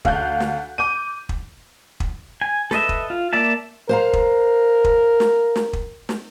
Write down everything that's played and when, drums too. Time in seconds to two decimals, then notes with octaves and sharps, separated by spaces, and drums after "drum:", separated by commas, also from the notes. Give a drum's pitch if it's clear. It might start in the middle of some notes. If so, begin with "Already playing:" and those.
0.05 D2 F5 F#6 G6, drum: kick
0.40 drum: snare
0.78 D6 G6 D#7
1.29 drum: kick
2.00 drum: kick
2.41 G#5
2.71 A4 B4 D#5 E5, drum: snare
2.89 drum: kick
3.10 F4
3.33 A#3 D5 E5 A5
3.89 A#4 C5 F5 A#5
4.13 drum: kick
4.84 drum: kick
5.20 drum: snare
5.56 drum: snare
5.73 drum: kick
6.09 drum: snare